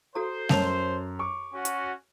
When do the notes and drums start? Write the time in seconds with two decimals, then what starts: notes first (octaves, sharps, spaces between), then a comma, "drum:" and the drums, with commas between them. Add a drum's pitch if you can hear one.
0.15 F#4 A4 C5 A#5
0.49 F#2 C#5 A5 F7, drum: snare G3
1.19 C#6 D6
1.54 C#4 F#4
1.65 drum: hi-hat